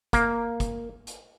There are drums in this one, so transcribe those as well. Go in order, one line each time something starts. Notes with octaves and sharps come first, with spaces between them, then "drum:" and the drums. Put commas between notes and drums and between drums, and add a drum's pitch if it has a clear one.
A#3, drum: kick, hi-hat
drum: kick, hi-hat
drum: hi-hat